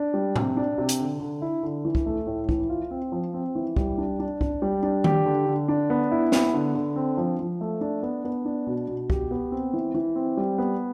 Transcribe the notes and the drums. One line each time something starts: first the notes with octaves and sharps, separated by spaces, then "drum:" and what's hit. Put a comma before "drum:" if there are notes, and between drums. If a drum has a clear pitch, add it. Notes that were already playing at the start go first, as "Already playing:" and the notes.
Already playing: D4
G3
C3, drum: tom A2
D4
C3
drum: hi-hat
D3
D3
E4
D3
E3
drum: kick
A3
A2
E3, drum: kick
F4
C4
F3
C4
E3
G3, drum: kick
D4
D4
D4, drum: kick
G3
D4
G4, drum: tom D#3
D3
D3
D4
B3
E4
B3, drum: snare
D3
D3
C4
F3
F3
A3
D4
B3
B3
D4
B2
B2
G4, drum: kick
B3
C4
E3
E3
C4
G3
B3